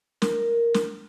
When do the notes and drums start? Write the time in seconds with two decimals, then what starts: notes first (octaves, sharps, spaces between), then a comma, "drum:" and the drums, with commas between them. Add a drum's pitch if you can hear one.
0.22 A#4, drum: snare
0.74 drum: snare